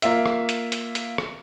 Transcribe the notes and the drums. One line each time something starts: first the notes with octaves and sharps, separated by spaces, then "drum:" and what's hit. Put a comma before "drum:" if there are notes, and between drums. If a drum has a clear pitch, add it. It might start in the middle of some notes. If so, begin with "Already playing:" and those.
A#3 F4 E5, drum: hi-hat
drum: rim click
drum: hi-hat
drum: hi-hat
drum: hi-hat
drum: rim click